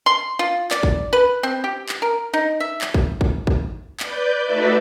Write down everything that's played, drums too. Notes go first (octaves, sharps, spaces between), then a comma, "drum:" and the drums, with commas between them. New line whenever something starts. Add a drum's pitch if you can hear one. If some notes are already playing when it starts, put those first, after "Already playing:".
C6
F4
D5, drum: clap
drum: kick
B4
C4
G4
drum: clap
A#4
D#4
E5
drum: clap
drum: kick
drum: kick
drum: kick
B4 D5 G6, drum: clap
A3 D#4 F#4 B4 D5 E5